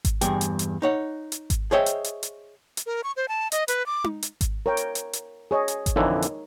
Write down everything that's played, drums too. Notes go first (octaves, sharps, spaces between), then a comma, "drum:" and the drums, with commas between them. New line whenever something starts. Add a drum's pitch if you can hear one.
drum: kick G#1, hi-hat
E2 G2 G#4 G5, drum: hi-hat
drum: hi-hat
drum: hi-hat
D#4 C#5 F#5
drum: hi-hat
drum: kick G#1, hi-hat
G#4 C5 C#5 D#5 E5 G5
drum: hi-hat
drum: hi-hat
drum: hi-hat
drum: hi-hat
A#4
C#6
C5
A5
D#5, drum: hi-hat
B4, drum: hi-hat
D6
drum: tom D#4
drum: hi-hat
drum: kick G#1, hi-hat
A#4 C#5 G5
drum: hi-hat
drum: hi-hat
drum: hi-hat
G#4 C#5 D#5
drum: hi-hat
drum: kick G#1, hi-hat
F2 D3 E3 D#4 A#4 C#5
drum: hi-hat